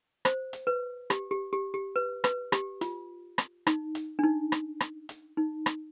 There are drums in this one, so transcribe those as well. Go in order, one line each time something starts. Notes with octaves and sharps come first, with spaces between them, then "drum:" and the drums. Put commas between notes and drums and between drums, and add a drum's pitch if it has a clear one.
C5, drum: rim click
drum: hi-hat
B4
G4, drum: rim click
G4
G4
G4
B4
B4, drum: rim click
G4, drum: rim click
F4, drum: hi-hat
drum: rim click
D#4, drum: rim click
drum: hi-hat
D4
D#4
drum: rim click
drum: rim click
drum: hi-hat
D#4
drum: rim click